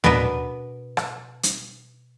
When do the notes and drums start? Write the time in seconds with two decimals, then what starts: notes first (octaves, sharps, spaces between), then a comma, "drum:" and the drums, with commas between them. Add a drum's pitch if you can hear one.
0.04 B2 B3 D4 A#4 B4, drum: tom
0.97 drum: rim click
1.43 drum: hi-hat